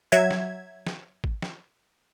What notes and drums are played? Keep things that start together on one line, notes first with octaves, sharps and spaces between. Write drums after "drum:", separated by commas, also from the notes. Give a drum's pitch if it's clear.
F#3 E5 G#6
drum: snare
drum: snare
drum: kick G#1
drum: snare